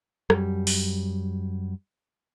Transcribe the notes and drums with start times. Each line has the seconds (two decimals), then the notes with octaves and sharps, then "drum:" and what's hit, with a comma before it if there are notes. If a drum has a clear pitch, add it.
0.30 F#2 G3, drum: rim click
0.67 drum: open hi-hat